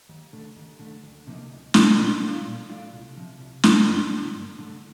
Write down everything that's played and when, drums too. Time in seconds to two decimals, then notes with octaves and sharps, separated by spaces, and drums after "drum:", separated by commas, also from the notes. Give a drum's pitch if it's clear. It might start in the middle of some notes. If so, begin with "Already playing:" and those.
0.09 D#2
0.33 D3 A3
0.56 D#2
0.79 D3 A3
1.03 D2
1.27 C3 F3 A#3 D#4
1.51 D2
1.74 C3 F3 A#3 D#4, drum: snare
1.98 A#2
2.21 A3 D4 F4
2.46 A#2
2.69 A3 D4 F4
2.92 C2
3.17 C3 F3
3.40 C2
3.64 C3 F3, drum: snare
3.88 G2
4.11 D3 A3
4.35 G2
4.58 D3 A3